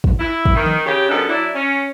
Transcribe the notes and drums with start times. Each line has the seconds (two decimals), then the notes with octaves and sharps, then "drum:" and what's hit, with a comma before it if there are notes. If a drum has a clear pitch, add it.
0.04 drum: kick
0.19 E4
0.45 drum: kick
0.55 D#3
0.66 drum: tom D#3
0.86 C#3 G4
1.09 F#2 B2 D4 A4
1.28 F#3 D4 E4
1.54 C#4